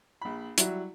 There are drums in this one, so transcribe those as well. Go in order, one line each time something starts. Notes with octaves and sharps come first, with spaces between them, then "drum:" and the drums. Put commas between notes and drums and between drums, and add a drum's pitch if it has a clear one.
A#1 B5
F#3 G3 E4 F#4, drum: hi-hat